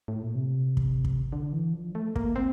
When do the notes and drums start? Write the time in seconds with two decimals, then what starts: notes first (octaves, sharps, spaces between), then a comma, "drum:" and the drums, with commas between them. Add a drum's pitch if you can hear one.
0.08 A2
0.22 A#2
0.35 C3
0.77 drum: kick
1.05 drum: kick
1.32 D3
1.53 E3
1.73 F3
1.95 A3
2.16 A#3, drum: kick
2.36 C4